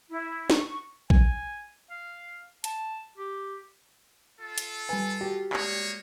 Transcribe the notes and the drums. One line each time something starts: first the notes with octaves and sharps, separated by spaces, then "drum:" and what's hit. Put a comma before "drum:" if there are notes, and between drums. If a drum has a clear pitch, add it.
E4
C#6, drum: snare
G#5, drum: kick A#1
F5
A5, drum: hi-hat
G4
F4 A4
drum: hi-hat
G3 B4 G#5
F#4 G4
G#3 A#3 B3 C#5 D5, drum: clap